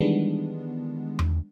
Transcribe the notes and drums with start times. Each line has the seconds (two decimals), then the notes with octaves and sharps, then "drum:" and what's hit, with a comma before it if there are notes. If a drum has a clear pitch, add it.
0.01 D#3 E3 G3 G#3 B3 D4
1.19 drum: tom E2